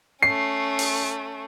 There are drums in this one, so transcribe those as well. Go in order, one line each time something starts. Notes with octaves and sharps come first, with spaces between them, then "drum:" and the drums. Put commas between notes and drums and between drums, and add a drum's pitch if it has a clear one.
A3 C#4 C7
drum: open hi-hat